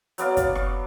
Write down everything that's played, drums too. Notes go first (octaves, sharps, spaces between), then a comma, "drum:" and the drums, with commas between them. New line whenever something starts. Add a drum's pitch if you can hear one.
F#3 B3 D5 F5, drum: hi-hat
drum: kick, hi-hat
drum: rim click